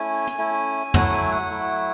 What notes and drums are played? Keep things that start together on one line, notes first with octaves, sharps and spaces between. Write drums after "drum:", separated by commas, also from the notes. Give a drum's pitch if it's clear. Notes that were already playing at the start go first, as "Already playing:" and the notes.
Already playing: A3 C#4 E4 G#5
drum: hi-hat
A3 C#4 E4
F#3 A3 E4 F#5, drum: tom
G#5
F#5
F#3 A3 E4